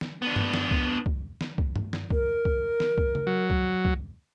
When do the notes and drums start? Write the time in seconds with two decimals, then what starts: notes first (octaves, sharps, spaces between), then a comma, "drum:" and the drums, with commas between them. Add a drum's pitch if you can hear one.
0.01 drum: snare
0.22 B3 D4
0.36 drum: tom G2
0.54 drum: snare
0.71 drum: kick
1.06 drum: kick
1.41 drum: snare
1.58 drum: kick
1.76 drum: tom G2
1.93 drum: snare
2.10 A#4, drum: kick
2.45 drum: kick
2.80 drum: snare
2.98 drum: kick
3.15 drum: tom C#3
3.27 F#3
3.50 drum: kick
3.85 drum: kick